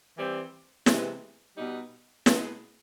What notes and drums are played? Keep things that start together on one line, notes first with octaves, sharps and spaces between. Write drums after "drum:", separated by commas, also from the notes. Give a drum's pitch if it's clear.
E3 G3 C4
C3 E3 G#3, drum: snare
B2 G3 B3 D#4
B2 G#3 B3 E4, drum: snare